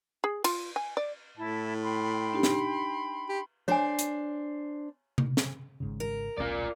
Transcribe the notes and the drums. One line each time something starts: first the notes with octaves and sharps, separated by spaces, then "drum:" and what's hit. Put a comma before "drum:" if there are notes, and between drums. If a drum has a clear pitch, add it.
G#4
F4, drum: cymbal
G#5
D5
A2 E4 A5
G5 B5 C6
D4 D#4 G4
drum: snare
G4
D4 C5 C#5 G#5
drum: hi-hat
drum: tom C3
drum: snare
G#1 G#2 C#3
A#4
D#1 B1 C#4 F4 D5